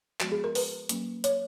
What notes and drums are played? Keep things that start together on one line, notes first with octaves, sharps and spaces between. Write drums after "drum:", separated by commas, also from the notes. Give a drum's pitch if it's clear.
F3 G#3 B3 F#4, drum: clap
G#4
A#4
B4, drum: open hi-hat
F#3 A#3 C#4, drum: hi-hat
C#5, drum: hi-hat